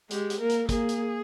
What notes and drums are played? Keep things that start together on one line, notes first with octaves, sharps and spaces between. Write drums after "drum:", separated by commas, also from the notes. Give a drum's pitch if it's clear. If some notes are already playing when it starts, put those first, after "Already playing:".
G#3 G4, drum: hi-hat
drum: hi-hat
A#3 A#4
drum: hi-hat
A#3 G#4, drum: kick, hi-hat
drum: hi-hat